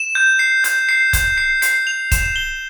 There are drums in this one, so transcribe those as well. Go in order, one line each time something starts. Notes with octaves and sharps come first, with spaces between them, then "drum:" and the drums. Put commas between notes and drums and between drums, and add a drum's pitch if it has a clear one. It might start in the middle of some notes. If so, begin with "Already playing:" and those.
Already playing: E7
G6
C7
G6, drum: hi-hat
C7
G6, drum: kick, hi-hat
C7
C7, drum: hi-hat
F7
E7, drum: kick, hi-hat
G7